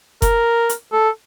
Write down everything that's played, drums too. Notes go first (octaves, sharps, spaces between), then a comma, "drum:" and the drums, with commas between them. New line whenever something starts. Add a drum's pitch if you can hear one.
A#4, drum: kick F#1, hi-hat
drum: hi-hat
A4